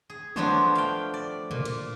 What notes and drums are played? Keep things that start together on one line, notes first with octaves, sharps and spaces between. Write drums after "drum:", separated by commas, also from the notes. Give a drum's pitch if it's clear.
G#4
F3 A3 B3 D4 C5 C#5, drum: tom
F5 G5
D5
A#2, drum: tom
drum: cymbal